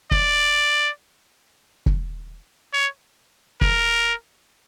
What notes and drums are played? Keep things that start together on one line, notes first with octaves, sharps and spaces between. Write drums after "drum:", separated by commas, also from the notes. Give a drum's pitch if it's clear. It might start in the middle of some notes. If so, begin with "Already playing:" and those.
D5, drum: kick
drum: kick
C#5
A#4, drum: kick